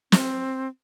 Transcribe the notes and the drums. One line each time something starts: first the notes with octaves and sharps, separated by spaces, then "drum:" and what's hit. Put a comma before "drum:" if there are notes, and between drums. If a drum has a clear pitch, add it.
C4, drum: snare